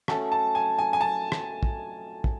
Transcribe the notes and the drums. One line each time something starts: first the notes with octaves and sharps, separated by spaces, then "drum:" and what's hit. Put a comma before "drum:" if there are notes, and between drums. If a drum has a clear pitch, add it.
A3 C#4 F#4 A5, drum: rim click
A5
G#5
G#5
G#5
A5
drum: rim click
drum: kick
drum: kick